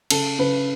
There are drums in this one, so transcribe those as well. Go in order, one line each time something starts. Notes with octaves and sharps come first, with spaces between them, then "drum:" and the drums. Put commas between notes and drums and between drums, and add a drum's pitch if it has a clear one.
C#3 A4, drum: cymbal
C#3 B4